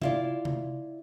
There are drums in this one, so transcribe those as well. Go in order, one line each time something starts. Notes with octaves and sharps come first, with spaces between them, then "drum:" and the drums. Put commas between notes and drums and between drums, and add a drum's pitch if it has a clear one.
E4 F4 D5, drum: tom C3
drum: tom C3